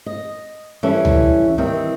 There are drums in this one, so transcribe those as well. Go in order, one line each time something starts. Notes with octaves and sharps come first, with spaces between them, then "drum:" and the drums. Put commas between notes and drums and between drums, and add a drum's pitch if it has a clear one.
D#5
E3 G3 C#4 A4
drum: tom C#2
D#3 E3 G3 C4